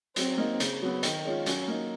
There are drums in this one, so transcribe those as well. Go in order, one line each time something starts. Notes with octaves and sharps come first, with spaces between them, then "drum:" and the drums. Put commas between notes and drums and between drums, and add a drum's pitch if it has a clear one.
F#3 C4, drum: hi-hat
A#3 D#4
C#3, drum: hi-hat
F#3 B3
D#3, drum: hi-hat
G#3 C#4 F4
F#3 C#4, drum: hi-hat
A#3 D#4